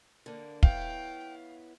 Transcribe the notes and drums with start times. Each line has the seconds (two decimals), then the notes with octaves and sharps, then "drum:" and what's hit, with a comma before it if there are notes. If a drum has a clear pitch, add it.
0.26 D3 A#3
0.63 B3 E4 C#5 F5 G5, drum: kick